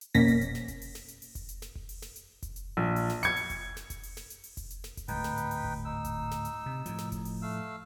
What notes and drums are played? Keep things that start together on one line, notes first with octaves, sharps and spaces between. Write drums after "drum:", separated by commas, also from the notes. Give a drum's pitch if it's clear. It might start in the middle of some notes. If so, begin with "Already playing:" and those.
drum: hi-hat
F2 B2 A#3 C#4 A#6 B6, drum: open hi-hat
drum: kick F1, hi-hat
drum: hi-hat
drum: snare
drum: kick F1, hi-hat
drum: open hi-hat
drum: snare
drum: hi-hat
drum: open hi-hat
drum: kick F1, hi-hat
drum: hi-hat
drum: snare
drum: kick F1
drum: open hi-hat
drum: snare
drum: hi-hat
drum: kick F1, hi-hat
drum: hi-hat
A#1
drum: open hi-hat
drum: snare
G#6 C#7, drum: hi-hat
drum: open hi-hat
drum: kick F1, hi-hat
drum: snare
drum: kick F1, hi-hat
drum: open hi-hat
drum: snare
drum: hi-hat
drum: open hi-hat
drum: kick F1, hi-hat
drum: hi-hat
drum: snare
drum: kick F1, hi-hat
D1 G#2 D#4 B4 G5, drum: open hi-hat
drum: snare
drum: hi-hat
drum: open hi-hat
drum: kick F1
D#4 E6
drum: kick F1, hi-hat
drum: snare
drum: hi-hat
C3
A2 F3, drum: hi-hat
drum: snare
drum: kick F1, hi-hat
drum: open hi-hat
A3 F5 E6